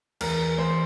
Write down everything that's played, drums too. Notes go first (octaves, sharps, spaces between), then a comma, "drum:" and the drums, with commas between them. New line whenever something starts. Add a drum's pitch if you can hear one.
E2 A#4, drum: cymbal
E2 C5